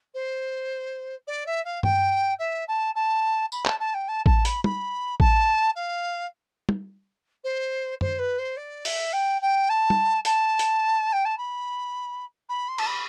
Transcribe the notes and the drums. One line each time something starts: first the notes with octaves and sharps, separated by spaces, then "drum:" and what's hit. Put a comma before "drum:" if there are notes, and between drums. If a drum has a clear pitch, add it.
C5
D5
E5
F5
G5, drum: tom G2
E5
A5
A5
B5, drum: tambourine
A5, drum: clap
A5
G5
A5
A5, drum: kick A1
B5, drum: hi-hat
B5, drum: tom
A5, drum: kick A1
F5
drum: tom
C5
C5, drum: tom F#2
B4
C5
D5
E5, drum: open hi-hat
G5
G5
A5
drum: tom
A5, drum: hi-hat
drum: hi-hat
G5
A5
B5
B5
C6
A5, drum: cymbal
B5